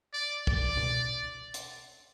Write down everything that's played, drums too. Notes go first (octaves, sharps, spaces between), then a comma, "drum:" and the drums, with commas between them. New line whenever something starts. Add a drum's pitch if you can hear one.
D5
D5, drum: kick
drum: tom B2
drum: hi-hat